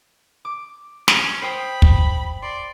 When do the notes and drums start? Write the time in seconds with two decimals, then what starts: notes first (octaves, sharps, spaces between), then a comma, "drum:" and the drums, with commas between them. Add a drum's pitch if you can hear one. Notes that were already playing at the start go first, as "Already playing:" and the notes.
0.45 D6
1.08 C#4, drum: snare
1.42 C5 G5 B5 D#6
1.82 drum: kick
2.42 D5 C6